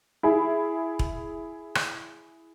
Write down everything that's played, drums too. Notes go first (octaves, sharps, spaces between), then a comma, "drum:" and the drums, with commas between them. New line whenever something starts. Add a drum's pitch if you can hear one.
E4 G#4
drum: kick E1
drum: rim click